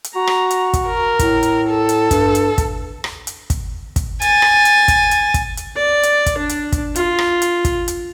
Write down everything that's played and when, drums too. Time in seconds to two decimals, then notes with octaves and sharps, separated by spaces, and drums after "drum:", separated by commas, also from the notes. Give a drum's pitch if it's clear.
0.04 drum: hi-hat
0.16 F#4 A#5
0.27 drum: rim click
0.50 drum: hi-hat
0.74 drum: kick, hi-hat
0.87 A#4
1.19 A2, drum: kick, hi-hat
1.43 drum: hi-hat
1.69 A4
1.89 drum: hi-hat
2.11 G2, drum: kick, hi-hat
2.35 drum: hi-hat
2.58 drum: kick, hi-hat
3.04 drum: rim click
3.27 drum: hi-hat
3.50 drum: kick, hi-hat
3.96 drum: kick, hi-hat
4.22 G#5 A6, drum: hi-hat
4.42 drum: rim click
4.65 drum: hi-hat
4.88 drum: kick, hi-hat
5.11 drum: hi-hat
5.34 drum: kick, hi-hat
5.57 drum: hi-hat
5.76 D5
6.03 drum: hi-hat
6.26 drum: kick, hi-hat
6.37 D4
6.49 drum: hi-hat
6.72 drum: kick, hi-hat
6.95 F4, drum: hi-hat
7.19 drum: rim click
7.42 drum: hi-hat
7.65 drum: kick, hi-hat
7.88 drum: hi-hat